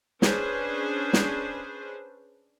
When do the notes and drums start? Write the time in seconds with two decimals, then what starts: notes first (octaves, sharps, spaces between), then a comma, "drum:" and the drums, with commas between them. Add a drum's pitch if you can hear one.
0.22 C#4 D4 G#4 B4 C5, drum: snare
1.13 drum: snare